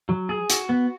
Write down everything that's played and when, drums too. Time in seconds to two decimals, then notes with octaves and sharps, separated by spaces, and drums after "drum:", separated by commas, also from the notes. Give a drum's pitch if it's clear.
0.09 F#3
0.29 G#4
0.50 F#4, drum: hi-hat
0.69 B3